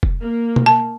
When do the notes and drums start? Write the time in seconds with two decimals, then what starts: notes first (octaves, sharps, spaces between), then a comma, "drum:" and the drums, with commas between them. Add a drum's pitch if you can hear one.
0.03 drum: kick F1
0.23 A#3
0.56 drum: tom B2
0.66 A5